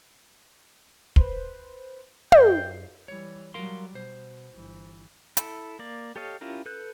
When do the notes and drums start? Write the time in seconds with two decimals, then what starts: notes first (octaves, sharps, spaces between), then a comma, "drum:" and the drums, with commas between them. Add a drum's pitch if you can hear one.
1.16 B4 C5, drum: kick
2.32 F#2 G5 C7, drum: tom
3.08 E3 G3 C#5
3.54 F#3 G3 A#4 F5 C6
3.95 B2 C5
4.54 G1 E3
5.37 E4 A4, drum: hi-hat
5.79 A#3 D5
6.16 G4 A4 C#5 D#5 F5
6.41 C#4 E4 F4 G4 A#4
6.66 A4 B4 F#6 G6